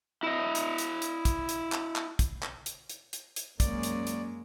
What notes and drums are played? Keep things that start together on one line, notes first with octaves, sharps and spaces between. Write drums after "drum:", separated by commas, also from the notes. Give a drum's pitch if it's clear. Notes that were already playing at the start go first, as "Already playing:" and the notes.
E4 D#5
drum: hi-hat
drum: hi-hat
drum: hi-hat
drum: kick, hi-hat
drum: hi-hat
drum: clap
drum: clap
drum: kick, hi-hat
drum: clap
drum: hi-hat
drum: hi-hat
drum: hi-hat
drum: hi-hat
F#2 G#3 A#3 C#4 D5, drum: kick, hi-hat
drum: hi-hat
drum: hi-hat